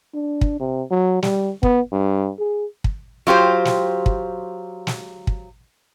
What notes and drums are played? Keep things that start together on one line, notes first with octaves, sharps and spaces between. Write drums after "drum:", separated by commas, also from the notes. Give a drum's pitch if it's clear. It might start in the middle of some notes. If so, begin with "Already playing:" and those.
D4
drum: kick
C3
F#3
G3, drum: snare
B3, drum: kick
G2
G#4
drum: kick
F#3 F4 G4 C5
drum: snare
drum: kick
drum: snare
drum: kick